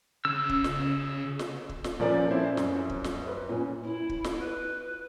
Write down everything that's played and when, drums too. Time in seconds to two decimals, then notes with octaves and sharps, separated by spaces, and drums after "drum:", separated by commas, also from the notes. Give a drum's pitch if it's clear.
0.25 C#3 E6
0.49 drum: kick
0.64 drum: snare
1.39 drum: snare
1.69 drum: kick
1.84 drum: snare
2.00 A#2 F3 C#4 A4 A#4 D5
2.31 C4 C#4 E4 C5
2.57 F#2, drum: snare
2.89 drum: kick
3.04 drum: snare
3.27 B4
3.49 A#2 C#4
3.83 E4
4.09 drum: kick
4.24 drum: snare
4.39 B4